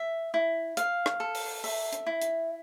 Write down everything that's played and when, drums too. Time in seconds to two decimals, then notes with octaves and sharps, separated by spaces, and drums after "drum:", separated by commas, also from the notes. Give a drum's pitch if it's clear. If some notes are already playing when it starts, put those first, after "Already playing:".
Already playing: E5
0.34 E4
0.77 F5, drum: hi-hat
1.06 drum: rim click
1.20 A4
1.35 drum: open hi-hat
1.64 E5, drum: open hi-hat
1.93 drum: hi-hat
2.07 E4
2.22 drum: hi-hat